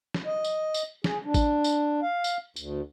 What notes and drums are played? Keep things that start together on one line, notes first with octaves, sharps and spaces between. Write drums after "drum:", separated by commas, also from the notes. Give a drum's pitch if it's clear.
drum: snare
D#5
drum: tambourine
drum: tambourine
G#4, drum: snare
D4
drum: kick A1, tambourine
drum: tambourine
F5
drum: tambourine
D2, drum: tambourine